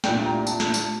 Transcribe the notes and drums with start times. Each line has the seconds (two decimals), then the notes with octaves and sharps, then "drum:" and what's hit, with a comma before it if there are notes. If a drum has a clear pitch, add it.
0.04 C2 A#2 G3 D4 G5, drum: snare
0.26 A#5
0.47 A5, drum: tambourine
0.60 drum: snare
0.74 drum: tambourine